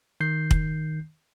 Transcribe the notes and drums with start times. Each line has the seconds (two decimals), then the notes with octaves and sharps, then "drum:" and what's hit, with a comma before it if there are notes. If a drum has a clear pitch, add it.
0.20 D#3 G6 C7
0.51 drum: kick